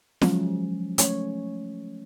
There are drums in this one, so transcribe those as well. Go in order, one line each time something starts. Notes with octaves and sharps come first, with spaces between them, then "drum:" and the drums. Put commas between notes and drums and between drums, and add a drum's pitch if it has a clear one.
F3 F#3 G#3 C#4, drum: snare
A3 C#4 C#5, drum: hi-hat